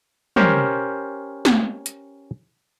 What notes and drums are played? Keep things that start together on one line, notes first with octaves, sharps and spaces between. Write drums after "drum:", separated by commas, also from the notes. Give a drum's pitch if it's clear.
C#4 G4 A#4 C5, drum: tom
drum: snare
drum: hi-hat